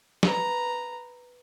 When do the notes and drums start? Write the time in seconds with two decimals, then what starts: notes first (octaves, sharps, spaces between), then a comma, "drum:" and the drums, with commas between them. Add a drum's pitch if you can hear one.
0.23 B4 A#5, drum: snare